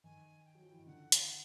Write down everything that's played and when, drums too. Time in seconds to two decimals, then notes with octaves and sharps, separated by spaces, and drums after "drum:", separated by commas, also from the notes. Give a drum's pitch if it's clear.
0.04 D#3 G#5
0.45 G5
0.55 F#3
0.63 F3
0.71 E3
0.79 D#3
0.87 D3 F#5
1.12 drum: hi-hat